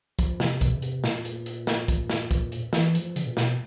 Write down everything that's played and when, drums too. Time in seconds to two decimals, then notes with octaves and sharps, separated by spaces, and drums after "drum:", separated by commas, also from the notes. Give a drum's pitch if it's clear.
0.19 F3, drum: kick, hi-hat
0.40 C3, drum: snare
0.61 B2, drum: kick, hi-hat
0.73 C#3
0.82 C3, drum: hi-hat
1.04 A#2, drum: snare
1.25 drum: hi-hat
1.46 drum: hi-hat
1.67 drum: snare
1.88 drum: kick, hi-hat
2.10 drum: snare
2.31 drum: kick, hi-hat
2.52 drum: hi-hat
2.73 E3, drum: snare
2.95 F3, drum: hi-hat
3.16 C#3, drum: hi-hat
3.27 A#2
3.37 B2, drum: snare